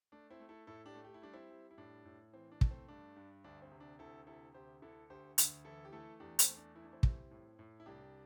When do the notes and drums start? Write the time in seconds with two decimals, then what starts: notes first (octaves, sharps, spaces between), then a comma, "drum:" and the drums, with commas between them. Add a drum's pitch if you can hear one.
0.12 A3 D4
0.30 C4 E4
0.40 A3
0.49 E4 A4
0.67 A2 E4 A4
0.86 D4 G4
0.95 A3
1.04 G4
1.14 E4
1.22 G3 D4
1.33 C4 E4
1.51 G3
1.71 E4
1.78 A2 D4
2.05 A2
2.33 E3 C4
2.52 D4
2.61 A3, drum: kick
2.71 C4
2.88 G2 D4
3.16 G2
3.44 D2 D4
3.62 C4
3.72 C3
3.80 D4
3.99 D2 E4 A4
4.27 C3 E4 A4
4.54 D2 G4 C5
4.82 D3 E4 A4
5.10 D2 G4 C5
5.38 D2, drum: hi-hat
5.65 E3 E4 A4
5.85 G4
5.92 A3 E4 A4
6.20 E2 D4 G4
6.39 C4, drum: hi-hat
6.48 A3
6.57 D4
6.75 E3 E4
6.84 D4
6.92 C4 E4
7.03 G3, drum: kick
7.31 A2
7.59 A2
7.80 E4
7.86 C2 D4 G4